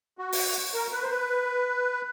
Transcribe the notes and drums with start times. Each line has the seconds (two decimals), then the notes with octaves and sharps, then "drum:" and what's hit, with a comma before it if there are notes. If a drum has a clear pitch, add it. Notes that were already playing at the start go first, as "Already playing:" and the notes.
0.18 F#4
0.32 drum: open hi-hat
0.74 A#4
0.92 B4
1.03 C5
1.11 B4